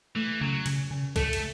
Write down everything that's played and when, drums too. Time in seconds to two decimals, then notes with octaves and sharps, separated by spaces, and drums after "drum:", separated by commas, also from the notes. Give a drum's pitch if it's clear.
0.16 E3 A3
0.41 C#3 F#3
0.66 C#3, drum: cymbal
0.91 C#3
1.16 A3 A4, drum: kick B1, cymbal
1.33 drum: cymbal